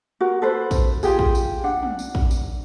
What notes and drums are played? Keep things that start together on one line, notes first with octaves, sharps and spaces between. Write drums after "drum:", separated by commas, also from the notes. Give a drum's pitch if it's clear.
F#4 A#4
A4 B4 C5
drum: kick, tambourine
F4 G4 G#4, drum: tambourine
drum: kick
drum: tambourine
D4 F#5
drum: tom
drum: tambourine
drum: kick
drum: tambourine